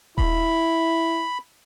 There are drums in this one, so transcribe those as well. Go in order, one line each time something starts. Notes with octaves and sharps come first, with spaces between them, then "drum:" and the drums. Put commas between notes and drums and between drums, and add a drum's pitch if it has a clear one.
E4 B5, drum: kick D#1